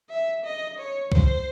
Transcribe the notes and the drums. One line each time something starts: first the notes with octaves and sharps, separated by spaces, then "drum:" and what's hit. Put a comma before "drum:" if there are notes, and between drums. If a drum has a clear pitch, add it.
E5
D#5
C#5
C5, drum: kick C2